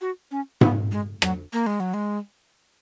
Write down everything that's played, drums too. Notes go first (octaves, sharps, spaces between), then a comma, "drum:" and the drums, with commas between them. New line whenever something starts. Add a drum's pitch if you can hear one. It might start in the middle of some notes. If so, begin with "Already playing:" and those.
F#4
C#4
B3, drum: tom G#2
G#3
F#3, drum: rim click
A#3
G#3
F#3
G#3